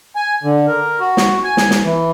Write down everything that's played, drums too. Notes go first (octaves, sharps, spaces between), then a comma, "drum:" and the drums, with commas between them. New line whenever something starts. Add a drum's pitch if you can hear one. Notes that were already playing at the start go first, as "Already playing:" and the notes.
G#5
D3
A#4
F#4
drum: snare
G#5
drum: snare
drum: snare
E3